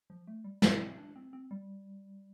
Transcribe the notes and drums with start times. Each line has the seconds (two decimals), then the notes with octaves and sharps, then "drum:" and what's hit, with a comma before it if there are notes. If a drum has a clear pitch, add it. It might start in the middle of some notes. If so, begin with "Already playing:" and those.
0.10 F3
0.27 A3
0.44 G3
0.62 C4, drum: snare
0.80 C4
0.98 D4
1.16 C4
1.33 C4
1.51 G3